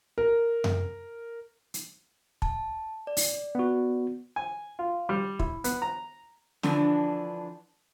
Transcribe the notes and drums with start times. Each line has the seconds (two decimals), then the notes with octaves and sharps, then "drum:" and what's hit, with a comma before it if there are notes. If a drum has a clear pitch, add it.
0.18 A#4
0.64 drum: tom F#2
1.74 drum: hi-hat
2.42 A5, drum: kick
3.07 D5
3.17 drum: open hi-hat
3.55 B3 F#4
4.36 G#5
4.79 F4
5.09 G3
5.39 E4, drum: kick
5.64 B3, drum: hi-hat
5.82 A#5
6.63 D3 E3 F3 D4, drum: snare